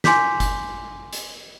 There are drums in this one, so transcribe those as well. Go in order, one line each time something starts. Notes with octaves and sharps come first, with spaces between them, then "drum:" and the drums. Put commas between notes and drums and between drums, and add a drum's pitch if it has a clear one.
G#5 C6 D6 G6 B6, drum: snare
drum: kick F#1, hi-hat
drum: hi-hat